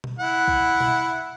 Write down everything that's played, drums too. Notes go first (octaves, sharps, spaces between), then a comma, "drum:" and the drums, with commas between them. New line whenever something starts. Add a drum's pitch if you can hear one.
drum: tom B2
E4 F#5
drum: kick B1
drum: tom B2